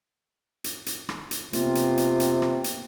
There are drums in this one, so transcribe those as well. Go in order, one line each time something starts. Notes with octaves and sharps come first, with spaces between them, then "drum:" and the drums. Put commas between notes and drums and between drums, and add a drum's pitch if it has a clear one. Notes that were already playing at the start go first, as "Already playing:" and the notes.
drum: hi-hat
drum: hi-hat
drum: rim click
drum: hi-hat
C3 A#3 B3 F4, drum: hi-hat
drum: hi-hat
drum: hi-hat
drum: hi-hat
drum: rim click
drum: hi-hat